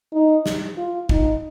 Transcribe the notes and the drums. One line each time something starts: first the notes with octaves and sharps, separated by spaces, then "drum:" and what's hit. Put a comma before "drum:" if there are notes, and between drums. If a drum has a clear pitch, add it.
D#4
drum: snare
F4
D#4, drum: kick